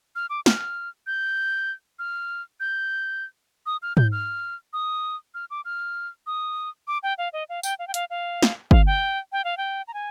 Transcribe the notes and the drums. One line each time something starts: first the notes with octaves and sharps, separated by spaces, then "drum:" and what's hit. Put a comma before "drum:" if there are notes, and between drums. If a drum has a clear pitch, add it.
F6
D6
F6, drum: snare
G6
F6
G6
D#6
F6
G6, drum: tom
F6
D#6
F6
D6
F6
D#6
D6
G5
F5
D#5
F5
G5, drum: tambourine
F5
G5
F5, drum: hi-hat
F5
drum: snare
F5, drum: kick
G5
G5
F5
G5
A#5
G#5